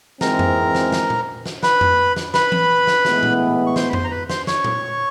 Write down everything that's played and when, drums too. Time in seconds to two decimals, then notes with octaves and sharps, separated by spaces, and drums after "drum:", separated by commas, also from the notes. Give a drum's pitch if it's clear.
0.21 G#2 E3 G#3 C4 A#4 A#5, drum: snare
0.39 drum: tom F2
0.75 drum: snare
0.92 drum: snare
1.10 drum: tom A#2
1.46 drum: snare
1.63 B4 B5, drum: snare
1.81 drum: tom F2
2.16 drum: snare
2.34 B4 B5, drum: snare
2.52 drum: tom E3
2.87 drum: snare
3.05 A2 E3 G#3 B3, drum: snare
3.23 drum: tom A#2
3.67 C#6
3.76 C5 C6, drum: snare
3.89 B5
3.93 C5 C6, drum: tom F2
4.04 A#5
4.11 B4 B5
4.30 C5 C6, drum: snare
4.47 C#5 C#6, drum: snare
4.64 drum: tom A#2